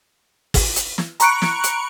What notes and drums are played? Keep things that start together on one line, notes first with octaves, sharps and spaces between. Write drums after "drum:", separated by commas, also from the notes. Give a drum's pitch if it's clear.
drum: kick, open hi-hat
drum: hi-hat
drum: snare
A#5 B5 C#6 F#6 C#7 D7, drum: hi-hat
drum: snare
drum: hi-hat